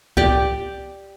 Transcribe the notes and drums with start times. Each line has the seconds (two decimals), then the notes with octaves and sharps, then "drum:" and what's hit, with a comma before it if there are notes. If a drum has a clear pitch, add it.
0.17 G4 D5 G5, drum: kick C2